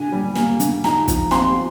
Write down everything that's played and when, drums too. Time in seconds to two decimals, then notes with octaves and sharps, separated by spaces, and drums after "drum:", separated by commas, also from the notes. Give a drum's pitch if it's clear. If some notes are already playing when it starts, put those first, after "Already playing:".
Already playing: D3 G#5
0.12 G3
0.35 A#3, drum: snare
0.60 D3, drum: hi-hat
0.84 D#4 A#5, drum: snare
1.08 F3, drum: kick, hi-hat
1.31 C4 C6, drum: snare